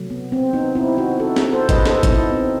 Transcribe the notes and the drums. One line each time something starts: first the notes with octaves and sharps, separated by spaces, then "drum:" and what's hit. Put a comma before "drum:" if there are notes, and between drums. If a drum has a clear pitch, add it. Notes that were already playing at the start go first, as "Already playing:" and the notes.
Already playing: C3 F#3 A3
B3
C4
B3 D#4
C4 E4
D#4 F#4
F#4 A4
drum: snare
A4 C5
B4 D#5, drum: kick, hi-hat
A4 C5, drum: snare
E4, drum: kick, hi-hat
B3 D#4
D#4
C4